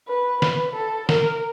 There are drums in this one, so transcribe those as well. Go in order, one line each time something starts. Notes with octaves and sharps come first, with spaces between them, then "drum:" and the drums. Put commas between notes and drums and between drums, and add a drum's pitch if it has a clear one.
B4
B4, drum: snare
A4
A#4, drum: snare